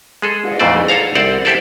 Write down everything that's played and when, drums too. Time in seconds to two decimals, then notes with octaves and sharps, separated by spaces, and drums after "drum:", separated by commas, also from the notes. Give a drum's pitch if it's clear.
0.22 G#3 G#4 A4
0.44 drum: cymbal
0.59 F2 A#2 E3 A3 C5 D5
0.88 A4 C#5 F5 A#5
1.15 C2 C4 C5 D5 F#5
1.45 E4 G4 A4 C5 D5